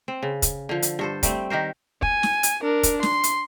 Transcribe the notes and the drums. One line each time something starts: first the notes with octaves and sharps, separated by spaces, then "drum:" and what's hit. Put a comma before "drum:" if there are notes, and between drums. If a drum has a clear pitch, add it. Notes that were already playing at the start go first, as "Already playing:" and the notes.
C4
C#3
drum: kick, hi-hat
D3 F3
drum: hi-hat
G2 A4 C5
G3 A3 C4, drum: kick, hi-hat
D#3 G4 A#4 C5
G#5, drum: kick
drum: snare
drum: hi-hat
D4 A#4
drum: kick, hi-hat
C6, drum: snare
drum: hi-hat